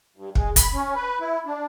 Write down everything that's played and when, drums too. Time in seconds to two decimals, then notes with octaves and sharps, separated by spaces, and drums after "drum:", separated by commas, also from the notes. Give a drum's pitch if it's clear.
0.16 G2
0.35 G#3, drum: kick
0.56 B5, drum: kick, hi-hat
0.73 C#4
0.95 B4
1.21 E4
1.46 D4